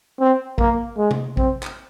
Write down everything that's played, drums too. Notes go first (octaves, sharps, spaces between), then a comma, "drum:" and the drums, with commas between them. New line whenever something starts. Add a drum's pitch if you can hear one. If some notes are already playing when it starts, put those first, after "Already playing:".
C4
A#3, drum: kick
G#3
drum: tom C3
C4, drum: kick
drum: clap